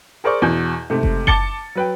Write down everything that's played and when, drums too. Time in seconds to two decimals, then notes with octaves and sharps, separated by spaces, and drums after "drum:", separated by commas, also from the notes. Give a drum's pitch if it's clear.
0.24 G#4 A#4 C5 D5 C#6
0.42 E2 B2 G6
0.90 G#2 C3 A3
1.03 drum: kick F#1
1.27 A5 D6 A6 C#7 G7, drum: kick F#1
1.75 F#3 B4 G5